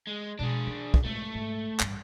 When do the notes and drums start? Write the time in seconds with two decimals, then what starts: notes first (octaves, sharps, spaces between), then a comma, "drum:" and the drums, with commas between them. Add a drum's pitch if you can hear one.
0.07 G#3
0.39 B2 G#3 D4 G#4
0.67 D#3
0.94 drum: kick
1.05 G#3 A3
1.35 G#2
1.80 A1 G2, drum: clap